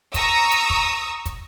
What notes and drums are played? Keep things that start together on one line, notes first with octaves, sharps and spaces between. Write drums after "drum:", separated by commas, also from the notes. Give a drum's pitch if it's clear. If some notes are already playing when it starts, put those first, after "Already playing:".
A#5 C#6 D#6 E6, drum: kick, hi-hat
drum: hi-hat
drum: kick
drum: kick, hi-hat